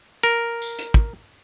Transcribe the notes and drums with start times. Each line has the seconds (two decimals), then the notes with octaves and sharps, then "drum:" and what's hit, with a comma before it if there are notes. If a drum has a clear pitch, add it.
0.23 A#4
0.62 drum: tambourine
0.79 drum: hi-hat
0.94 drum: kick